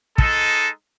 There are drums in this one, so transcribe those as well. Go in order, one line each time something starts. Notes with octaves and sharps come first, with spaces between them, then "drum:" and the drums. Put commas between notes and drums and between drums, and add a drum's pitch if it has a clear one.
G#3 D#4 A4, drum: kick